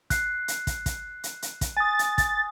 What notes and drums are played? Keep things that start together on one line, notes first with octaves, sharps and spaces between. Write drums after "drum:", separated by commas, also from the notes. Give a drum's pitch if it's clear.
F#6 C7, drum: kick, hi-hat
drum: hi-hat
drum: kick, hi-hat
drum: kick, hi-hat
drum: hi-hat
drum: hi-hat
drum: kick, hi-hat
G#5 D#6 A6
drum: hi-hat
drum: kick, hi-hat